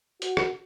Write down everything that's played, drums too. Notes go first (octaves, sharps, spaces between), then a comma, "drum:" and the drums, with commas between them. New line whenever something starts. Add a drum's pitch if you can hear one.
F#4, drum: hi-hat
drum: rim click